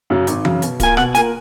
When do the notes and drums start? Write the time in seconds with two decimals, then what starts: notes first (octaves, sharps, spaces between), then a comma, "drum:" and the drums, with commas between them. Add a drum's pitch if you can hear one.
0.10 F#2 C#3 F#3
0.27 G#1, drum: hi-hat
0.45 F#2 C#3 F#3, drum: tom E3
0.62 B2, drum: hi-hat
0.80 A#3 F4 A#4 G#5, drum: kick D1, hi-hat
0.97 B2 F#5, drum: rim click
1.15 A#3 F4 A#4 G#5, drum: hi-hat